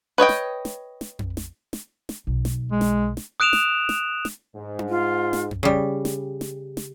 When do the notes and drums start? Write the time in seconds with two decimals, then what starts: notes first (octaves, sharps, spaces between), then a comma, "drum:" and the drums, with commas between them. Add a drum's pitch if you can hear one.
0.18 B4 C#5 D#5 G5
0.29 drum: snare
0.65 drum: snare
1.01 drum: snare
1.19 drum: tom F2
1.37 drum: snare
1.73 drum: snare
2.09 drum: snare
2.27 B1
2.45 drum: snare
2.72 G#3
2.81 drum: snare
3.17 drum: snare
3.40 D#6 F#6 D7 E7 F7
3.53 drum: snare
3.89 drum: snare
4.25 drum: snare
4.55 G#2
4.79 drum: tom D4
4.89 F4
5.33 drum: snare
5.51 drum: tom F2
5.63 C#3 G3
6.05 drum: snare
6.41 drum: snare
6.77 drum: snare